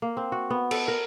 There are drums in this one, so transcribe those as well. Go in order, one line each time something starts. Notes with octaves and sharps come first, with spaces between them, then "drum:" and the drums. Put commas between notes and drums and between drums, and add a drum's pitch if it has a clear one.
A#3
C4
F#4
B3
A4, drum: cymbal
A#4